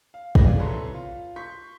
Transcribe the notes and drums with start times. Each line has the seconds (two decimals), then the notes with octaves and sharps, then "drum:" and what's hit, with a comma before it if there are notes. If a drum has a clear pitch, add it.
0.14 F5
0.35 C#4 F4 G#4 B4 D5 A#6, drum: kick
0.60 C2 A4 B4 C#5 C6
0.94 F4
1.36 C6 C#6 G6 B6